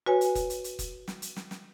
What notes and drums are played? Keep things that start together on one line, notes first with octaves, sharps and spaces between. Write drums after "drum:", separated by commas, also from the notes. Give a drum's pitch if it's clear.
F#4 B4 C#5 G#5
drum: hi-hat
drum: kick, hi-hat
drum: hi-hat
drum: hi-hat
drum: kick, hi-hat
drum: snare
drum: hi-hat
drum: snare
drum: snare